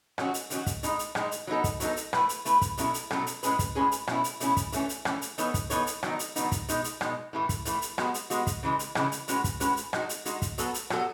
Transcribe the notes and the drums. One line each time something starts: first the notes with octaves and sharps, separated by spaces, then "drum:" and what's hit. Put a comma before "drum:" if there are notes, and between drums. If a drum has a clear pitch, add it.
D#3 F#3 C#4 F#4, drum: rim click
drum: hi-hat
D#3 F#3 C#4 F#4, drum: hi-hat
drum: kick, hi-hat
A2 G#3 D#4, drum: hi-hat
drum: hi-hat
A2 G#3 D#4, drum: rim click
drum: hi-hat
F#3 B3 D#4 A4
drum: kick, hi-hat
F#3 B3 D#4 A4, drum: hi-hat
drum: hi-hat
A3 E4 B4, drum: rim click
drum: hi-hat
A3 E4 B4, drum: hi-hat
drum: kick, hi-hat
B2 F#3 C#4 E4 A4, drum: hi-hat
drum: hi-hat
B2 F#3 C#4 E4 A4, drum: rim click
drum: hi-hat
A2 G#3 C#4 G#4 B4, drum: hi-hat
drum: kick, hi-hat
A2 G#3 C#4 G#4 B4
drum: hi-hat
B2 A3 C#4 E4, drum: rim click
drum: hi-hat
B2 A3 C#4 E4, drum: hi-hat
drum: kick, hi-hat
E3 A3 C#4, drum: hi-hat
drum: hi-hat
E3 A3 C#4, drum: rim click
drum: hi-hat
E3 B3 D#4 A4 C#5, drum: hi-hat
drum: kick, hi-hat
E3 B3 D#4 A4 C#5, drum: hi-hat
drum: hi-hat
D#3 F#3 B3 D#4, drum: rim click
drum: hi-hat
D#3 F#3 B3 D#4, drum: hi-hat
drum: kick, hi-hat
B2 G#3 D#4, drum: hi-hat
drum: hi-hat
B2 G#3 D#4, drum: rim click
A2 E3 A3
drum: kick, hi-hat
A2 E3 A3, drum: hi-hat
drum: hi-hat
G#3 B3 F#4, drum: rim click
drum: hi-hat
G#3 B3 F#4, drum: hi-hat
drum: kick, hi-hat
C#3 E3 G#3
drum: hi-hat
C#3 E3 G#3, drum: rim click
drum: hi-hat
A2 G#3 C#4 F#4 B4, drum: hi-hat
drum: kick, hi-hat
A2 G#3 C#4 F#4 B4, drum: hi-hat
drum: hi-hat
G#3 D#4 F#4, drum: rim click
drum: hi-hat
G#3 D#4 F#4, drum: hi-hat
drum: kick, hi-hat
F#3 B3 F#4 A4, drum: hi-hat
drum: hi-hat
F#3 B3 F#4 A4, drum: rim click